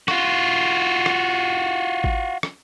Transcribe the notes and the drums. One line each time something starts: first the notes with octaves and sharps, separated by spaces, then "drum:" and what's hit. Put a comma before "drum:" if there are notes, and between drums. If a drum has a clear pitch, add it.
F4 F#4, drum: rim click
drum: rim click
drum: kick G#1
drum: rim click